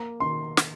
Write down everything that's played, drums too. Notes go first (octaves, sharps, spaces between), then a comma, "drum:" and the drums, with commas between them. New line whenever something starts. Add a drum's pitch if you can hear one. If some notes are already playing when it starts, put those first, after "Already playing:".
Already playing: A#3 A#5
D#3 C6
drum: snare